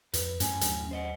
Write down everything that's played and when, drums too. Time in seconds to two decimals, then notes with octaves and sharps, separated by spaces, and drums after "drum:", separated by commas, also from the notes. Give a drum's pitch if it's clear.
0.14 F2 B4, drum: hi-hat
0.40 F#2 A2 C#4 G#5, drum: hi-hat
0.61 D#2 F#3 D4, drum: hi-hat
0.91 C5 D#5 F#5